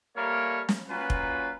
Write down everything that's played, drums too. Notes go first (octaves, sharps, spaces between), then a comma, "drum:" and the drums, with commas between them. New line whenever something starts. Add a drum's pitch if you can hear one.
G3 A3 A#3 A#4 C#5
drum: snare
A#2 F#3 C#4 F4 B4
drum: kick F1